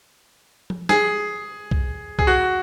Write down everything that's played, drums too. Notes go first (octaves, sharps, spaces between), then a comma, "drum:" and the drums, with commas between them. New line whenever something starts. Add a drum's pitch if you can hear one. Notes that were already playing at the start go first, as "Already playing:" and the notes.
drum: tom F3
G#4, drum: snare
drum: kick B1
G#4, drum: kick B1
F#4